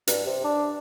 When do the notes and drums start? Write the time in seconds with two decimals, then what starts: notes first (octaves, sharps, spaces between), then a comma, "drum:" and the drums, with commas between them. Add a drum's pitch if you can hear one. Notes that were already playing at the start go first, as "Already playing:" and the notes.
0.07 G2, drum: hi-hat
0.26 C3
0.44 D4